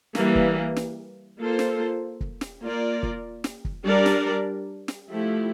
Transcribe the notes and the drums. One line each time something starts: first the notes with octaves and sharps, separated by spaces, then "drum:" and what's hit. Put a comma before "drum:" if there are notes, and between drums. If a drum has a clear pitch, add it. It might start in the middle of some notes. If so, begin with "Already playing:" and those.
E3 G3 A#3, drum: snare
drum: kick
drum: snare
A#3 F4 A4 C5
drum: snare
drum: kick
drum: snare
A#3 F4 A#4 D5
drum: kick
drum: snare
drum: kick
G3 D4 G4 A#4 D5
drum: snare
drum: snare
F3 A3 E4 G4